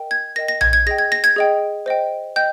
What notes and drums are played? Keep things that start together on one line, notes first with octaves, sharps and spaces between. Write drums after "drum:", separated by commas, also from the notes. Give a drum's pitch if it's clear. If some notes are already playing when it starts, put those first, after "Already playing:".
Already playing: A#4 D#5 G5
G#6
A#4 D#5 G5 A#6
A#6
G#6, drum: tom A#1
G#6
G#4 D#5 G5 A#6
G#6
A#6
G#6, drum: hi-hat
G#4 D#5 G5
C5 D#5 G5
D#5 G5 G6